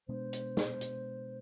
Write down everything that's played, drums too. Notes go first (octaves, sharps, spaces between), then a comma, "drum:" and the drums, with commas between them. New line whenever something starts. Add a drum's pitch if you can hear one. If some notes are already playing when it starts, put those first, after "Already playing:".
B2 G#3 B3 D4 C5
drum: hi-hat
drum: snare
drum: hi-hat